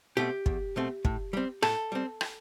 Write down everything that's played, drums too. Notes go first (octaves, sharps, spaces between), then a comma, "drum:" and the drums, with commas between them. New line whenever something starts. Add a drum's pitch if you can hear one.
B2 A3 C4 G4
E2, drum: kick
B2 A3 C4
A2, drum: kick
G3 C4
A2 A4, drum: rim click
G3 C4
drum: rim click